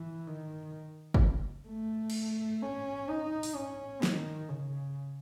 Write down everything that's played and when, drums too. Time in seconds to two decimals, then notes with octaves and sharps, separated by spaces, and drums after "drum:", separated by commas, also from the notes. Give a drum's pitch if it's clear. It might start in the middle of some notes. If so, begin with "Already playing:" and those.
Already playing: E3
0.27 D#3
1.14 drum: kick
1.68 A3
2.10 drum: cymbal
2.62 C#4
3.09 D#4
3.43 drum: open hi-hat
3.56 C#4
4.03 D#3, drum: snare
4.49 C#3